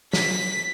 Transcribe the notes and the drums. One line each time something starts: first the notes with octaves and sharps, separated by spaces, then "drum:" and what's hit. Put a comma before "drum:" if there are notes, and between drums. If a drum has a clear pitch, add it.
B6, drum: snare